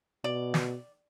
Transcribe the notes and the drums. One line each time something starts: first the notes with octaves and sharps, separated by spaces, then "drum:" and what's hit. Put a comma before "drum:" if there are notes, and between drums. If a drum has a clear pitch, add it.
B2 D5
drum: snare